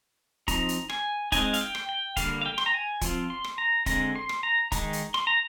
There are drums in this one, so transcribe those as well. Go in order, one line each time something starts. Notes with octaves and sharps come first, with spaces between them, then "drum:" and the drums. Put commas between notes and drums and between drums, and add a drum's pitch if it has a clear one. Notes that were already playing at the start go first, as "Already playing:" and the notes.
F3 C4 D#4 A#5, drum: kick, hi-hat
drum: hi-hat
G#5, drum: rim click
G#3 C4 D#4 G#5, drum: kick, hi-hat
F5, drum: hi-hat
G5
drum: rim click
G5
D3 G3 A#3 F5, drum: kick, hi-hat
F5
G5
C6, drum: rim click
A#5
G#5
F3 C4 F4, drum: kick, hi-hat
C6
drum: rim click
A#5
D3 G#3 C4 A#5, drum: kick, hi-hat
C6
drum: rim click
A#5
D#3 G#3 D#4 A#5, drum: kick, hi-hat
drum: hi-hat
C6, drum: rim click
A#5